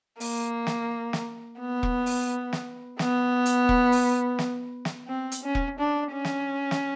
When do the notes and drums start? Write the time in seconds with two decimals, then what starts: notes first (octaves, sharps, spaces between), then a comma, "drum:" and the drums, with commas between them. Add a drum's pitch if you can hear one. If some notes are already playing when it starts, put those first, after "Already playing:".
0.20 A#3, drum: open hi-hat
0.67 drum: snare
1.13 drum: snare
1.60 B3
1.83 drum: kick E1
2.06 drum: open hi-hat
2.53 drum: snare
2.99 B3, drum: snare
3.46 drum: hi-hat
3.69 drum: kick E1
3.92 drum: open hi-hat
4.39 drum: snare
4.85 drum: snare
5.08 C4
5.32 drum: hi-hat
5.43 C#4
5.55 drum: kick E1
5.79 D4
6.12 C#4
6.25 drum: snare
6.71 drum: snare